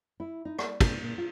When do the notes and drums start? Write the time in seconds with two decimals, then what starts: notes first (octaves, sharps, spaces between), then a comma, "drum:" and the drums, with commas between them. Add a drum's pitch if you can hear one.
0.20 E4
0.45 D#4
0.59 D5, drum: rim click
0.80 A#2, drum: kick, cymbal
1.02 A#2
1.18 F4